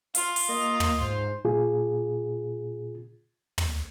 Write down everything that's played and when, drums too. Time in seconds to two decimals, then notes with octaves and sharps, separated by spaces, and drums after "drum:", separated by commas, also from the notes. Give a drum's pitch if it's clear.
0.15 F4 F5, drum: hi-hat
0.36 drum: open hi-hat
0.49 A#3 D#5
0.80 drum: tom
1.01 G#2 C5
1.45 A#2 F4 G#4
3.58 drum: tom